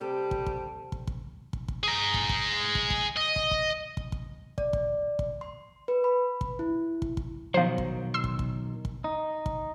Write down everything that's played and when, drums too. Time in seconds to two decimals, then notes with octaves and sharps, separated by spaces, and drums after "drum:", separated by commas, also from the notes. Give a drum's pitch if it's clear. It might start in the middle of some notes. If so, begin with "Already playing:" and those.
0.01 C3 G3 G4 A4 C5
0.31 drum: kick
0.46 drum: kick
0.92 drum: kick
1.07 drum: kick
1.53 drum: kick
1.68 drum: kick
1.83 G#4 A#5
2.14 drum: kick
2.29 drum: kick
2.75 drum: kick
2.90 drum: kick
3.16 D#5
3.36 drum: kick
3.51 drum: kick
3.97 drum: kick
4.12 drum: kick
4.58 D5, drum: kick
4.73 drum: kick
5.19 drum: kick
5.41 C6
5.88 B4
6.04 B5
6.41 drum: kick
6.59 E4
7.02 drum: kick
7.17 drum: kick
7.54 B2 D#3 F3 F#3 C5
7.78 drum: kick
8.14 C6 E6
8.24 drum: kick
8.39 drum: kick
8.85 drum: kick
9.04 D#4
9.46 drum: kick